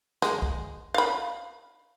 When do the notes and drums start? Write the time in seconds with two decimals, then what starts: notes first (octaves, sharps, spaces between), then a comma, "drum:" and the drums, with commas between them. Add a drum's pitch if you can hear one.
0.22 G#3, drum: snare
0.42 drum: kick B1
0.94 F5 B5